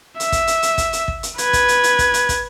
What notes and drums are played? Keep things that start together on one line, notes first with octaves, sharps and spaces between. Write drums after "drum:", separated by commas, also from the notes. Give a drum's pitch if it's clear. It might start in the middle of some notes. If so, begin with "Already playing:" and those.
E5, drum: hi-hat
drum: kick, hi-hat
drum: hi-hat
drum: hi-hat
drum: kick, hi-hat
drum: hi-hat
drum: kick
drum: hi-hat
B4 G#6, drum: hi-hat
drum: kick, hi-hat
drum: hi-hat
drum: hi-hat
drum: kick, hi-hat
drum: hi-hat
drum: kick, hi-hat